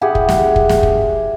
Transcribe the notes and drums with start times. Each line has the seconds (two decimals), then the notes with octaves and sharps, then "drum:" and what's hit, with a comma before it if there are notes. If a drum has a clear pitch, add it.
0.01 E4 G4 G#4 F#5
0.15 drum: kick
0.29 drum: snare
0.56 drum: kick
0.69 drum: snare
0.83 drum: kick